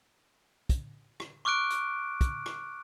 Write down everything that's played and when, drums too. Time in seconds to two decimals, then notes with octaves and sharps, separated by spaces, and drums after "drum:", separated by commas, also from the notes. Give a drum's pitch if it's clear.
0.69 drum: kick, hi-hat
1.20 drum: rim click
1.45 C#6 D6 F6 F#6 D7
1.70 drum: hi-hat
2.21 drum: kick, hi-hat
2.46 drum: rim click